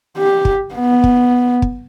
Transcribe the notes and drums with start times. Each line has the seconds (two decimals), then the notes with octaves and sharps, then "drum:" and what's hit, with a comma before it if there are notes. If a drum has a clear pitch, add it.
0.18 G4
0.45 drum: kick
0.74 B3
1.04 drum: kick
1.62 drum: kick